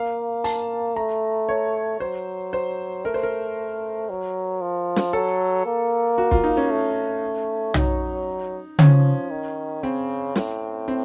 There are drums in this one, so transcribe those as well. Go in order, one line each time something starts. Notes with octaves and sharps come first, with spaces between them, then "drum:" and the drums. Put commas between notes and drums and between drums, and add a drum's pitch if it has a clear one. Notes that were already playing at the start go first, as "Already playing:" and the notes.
Already playing: A#3 F5
A5, drum: open hi-hat
A3 A#5
C#5
F#3 C5
C5
A3 A#4
C5
A#4
F#3
F3
drum: snare
F#3 A4
A#3
F#4
F4, drum: kick
D#4
C#4
A3
F#3 D#4, drum: tom
F3 C#4, drum: tom C#3
D#3
C#3 C4
A2, drum: snare
C4